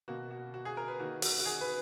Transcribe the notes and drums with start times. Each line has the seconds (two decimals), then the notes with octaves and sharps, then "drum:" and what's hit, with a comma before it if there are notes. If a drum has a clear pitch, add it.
0.08 B2 A#3 F#4
0.31 F#4
0.54 F#4
0.65 G#4
0.77 A#4
0.88 B4
1.00 D#3 A#3 F#4
1.22 F#4, drum: open hi-hat
1.40 F#4
1.46 G#4
1.61 B4